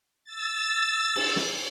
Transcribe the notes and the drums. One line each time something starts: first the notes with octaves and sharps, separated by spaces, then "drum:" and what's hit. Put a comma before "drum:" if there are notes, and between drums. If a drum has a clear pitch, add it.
E6 A6
drum: cymbal
drum: snare